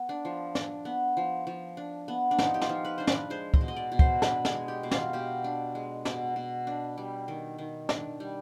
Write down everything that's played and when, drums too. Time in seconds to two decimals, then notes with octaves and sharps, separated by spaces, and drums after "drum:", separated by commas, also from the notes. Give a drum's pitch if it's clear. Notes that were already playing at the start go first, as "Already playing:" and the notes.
Already playing: B3
0.09 D4
0.25 F3
0.55 D4, drum: snare
0.85 B3
1.17 F3
1.47 F3
1.77 D4
2.08 B3
2.31 D4
2.39 F3 D#4, drum: snare
2.54 G4
2.61 F4, drum: snare
2.69 F3
2.85 B4
2.98 D4 C5
3.07 B4, drum: snare
3.30 G#3 C5
3.54 D#5, drum: kick
3.61 B2
3.68 D#5
3.76 D5
3.92 B2
3.99 C5, drum: kick
4.22 D4 B4, drum: snare
4.45 G#4, drum: snare
4.52 G#3
4.68 G4
4.83 B2
4.91 F4, drum: snare
5.13 B2 G4
5.44 D4
5.75 G#3
6.05 B2, drum: snare
6.36 B2
6.67 D4
6.98 G3
7.28 D#3
7.58 D#3
7.89 D4, drum: snare
8.20 G3